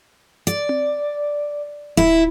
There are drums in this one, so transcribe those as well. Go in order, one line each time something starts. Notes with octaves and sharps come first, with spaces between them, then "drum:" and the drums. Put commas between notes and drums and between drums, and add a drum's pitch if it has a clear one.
D5, drum: hi-hat
drum: tom C4
E4, drum: kick D1